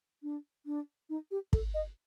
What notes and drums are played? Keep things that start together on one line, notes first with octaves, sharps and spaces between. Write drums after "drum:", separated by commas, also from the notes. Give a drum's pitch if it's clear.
D4
D4
D#4
G4
A4, drum: kick
D#5